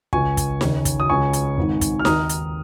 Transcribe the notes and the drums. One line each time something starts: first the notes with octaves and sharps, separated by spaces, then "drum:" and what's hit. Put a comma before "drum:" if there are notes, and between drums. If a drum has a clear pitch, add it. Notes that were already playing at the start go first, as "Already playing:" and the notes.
C#2 C#3 G#5 C#6, drum: kick
drum: kick, hi-hat
D#2 C#3, drum: snare D#4
drum: kick, hi-hat
D#6
C#2 C#3 G#5 C#6
drum: hi-hat
G#1 G#2 D#3
drum: kick, hi-hat
F6
D#2 D#3 A#5 D#6, drum: snare D#4
drum: hi-hat